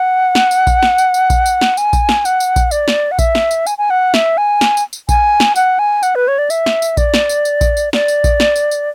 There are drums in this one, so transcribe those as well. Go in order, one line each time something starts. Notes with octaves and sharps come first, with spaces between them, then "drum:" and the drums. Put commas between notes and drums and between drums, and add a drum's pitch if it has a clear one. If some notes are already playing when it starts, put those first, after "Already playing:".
Already playing: F#5
drum: snare
drum: tambourine
drum: kick A#1, tambourine
drum: snare
drum: tambourine
drum: tambourine
drum: kick A#1, tambourine
drum: tambourine
drum: snare
G#5, drum: tambourine
drum: kick A#1, tambourine
drum: snare
F#5, drum: tambourine
drum: tambourine
drum: kick A#1, tambourine
D5, drum: tambourine
drum: snare
F#5
E5, drum: kick A#1, tambourine
drum: snare
drum: tambourine
G#5, drum: tambourine
G#5
F#5
E5, drum: snare
G#5
drum: snare
drum: tambourine
drum: tambourine
G#5, drum: kick A#1, tambourine
drum: snare
F#5, drum: tambourine
G#5
F#5, drum: tambourine
B4
C#5
D5
E5, drum: tambourine
drum: snare
drum: tambourine
D5, drum: kick A#1, tambourine
drum: snare
drum: tambourine
drum: tambourine
drum: kick A#1, tambourine
drum: tambourine
D5, drum: snare
drum: tambourine
drum: kick A#1, tambourine
drum: snare
drum: tambourine
drum: tambourine